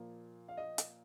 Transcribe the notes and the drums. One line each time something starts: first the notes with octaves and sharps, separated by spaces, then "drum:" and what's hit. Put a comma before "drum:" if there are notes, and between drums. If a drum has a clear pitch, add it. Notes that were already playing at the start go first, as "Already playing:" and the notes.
Already playing: A#2 F3 A#3
F5
D#5
drum: hi-hat